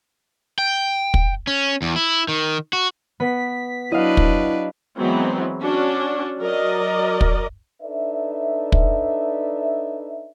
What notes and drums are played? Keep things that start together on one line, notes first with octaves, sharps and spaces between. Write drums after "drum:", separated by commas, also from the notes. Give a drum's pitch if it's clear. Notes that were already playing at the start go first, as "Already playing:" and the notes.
G5
drum: kick
C#4
E2
E4
D#3
F#4
B3 B6
F#3 D4 E4 B4 D#5 F5
drum: kick
E3 F#3 G#3 B3 C4
C#4 D4 F#4
F#3 A#4 D5 D#5
drum: kick
D4 D#4 A4 B4 D5 E5
drum: kick